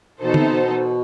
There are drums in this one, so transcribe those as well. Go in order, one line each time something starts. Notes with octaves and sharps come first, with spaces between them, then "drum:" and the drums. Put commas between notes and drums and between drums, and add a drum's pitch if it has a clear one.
B2 E3 B3 D#4 A4 C5
C3, drum: tom
B2